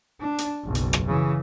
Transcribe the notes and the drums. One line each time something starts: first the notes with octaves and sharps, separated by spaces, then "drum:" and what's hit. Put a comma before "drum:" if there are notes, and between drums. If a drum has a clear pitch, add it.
D4
drum: hi-hat
F#1 B1
drum: hi-hat
drum: rim click
C#3 E3